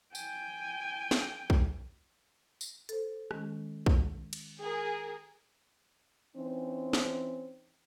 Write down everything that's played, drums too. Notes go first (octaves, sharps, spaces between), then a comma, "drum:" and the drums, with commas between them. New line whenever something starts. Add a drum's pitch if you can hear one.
G5 G#5, drum: tambourine
drum: snare
drum: kick
drum: tambourine
A4 C5, drum: hi-hat
D#3 G#3 C#4, drum: rim click
drum: kick
drum: cymbal
G#4 A#4
E3 C4 C#4 D#4
drum: snare